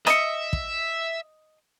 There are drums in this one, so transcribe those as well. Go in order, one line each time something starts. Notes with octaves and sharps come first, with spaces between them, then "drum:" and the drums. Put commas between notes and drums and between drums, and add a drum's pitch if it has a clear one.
D#5 E5 C#7 D#7, drum: rim click
drum: kick